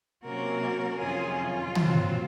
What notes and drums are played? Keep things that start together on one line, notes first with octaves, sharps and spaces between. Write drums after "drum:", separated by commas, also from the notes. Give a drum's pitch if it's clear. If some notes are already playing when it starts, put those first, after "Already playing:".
C3 F#3 A#3 C#4 F#4 A#4
F2 C3 D#3 F#3 C#4 F4 G#4
F4
A#2 F#3 C4, drum: tom